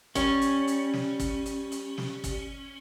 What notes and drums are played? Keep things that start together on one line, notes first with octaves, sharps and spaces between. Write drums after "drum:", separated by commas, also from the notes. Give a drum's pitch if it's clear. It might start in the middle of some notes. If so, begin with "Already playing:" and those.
G3 C#4, drum: kick, hi-hat
drum: hi-hat
drum: hi-hat
drum: snare
drum: kick, hi-hat
drum: hi-hat
drum: hi-hat
drum: snare
drum: kick, hi-hat